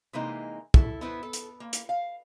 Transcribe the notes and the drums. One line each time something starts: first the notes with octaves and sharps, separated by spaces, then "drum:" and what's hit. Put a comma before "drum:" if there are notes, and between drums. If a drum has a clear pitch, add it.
C3 E3 G#3 A#3 D#4
E4 A4, drum: kick
B3 E4 B4 C5
A4
drum: hi-hat
A#3
drum: hi-hat
F5